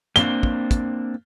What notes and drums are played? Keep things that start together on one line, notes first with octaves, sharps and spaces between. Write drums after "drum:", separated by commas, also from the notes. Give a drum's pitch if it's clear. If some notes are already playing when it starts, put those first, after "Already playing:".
A#3 C4 D4 G7, drum: hi-hat
drum: kick
drum: kick, hi-hat